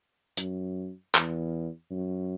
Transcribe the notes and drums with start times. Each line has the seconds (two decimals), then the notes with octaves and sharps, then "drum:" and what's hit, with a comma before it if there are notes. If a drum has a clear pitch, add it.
0.37 F#2, drum: hi-hat
1.15 E2, drum: clap
1.90 F#2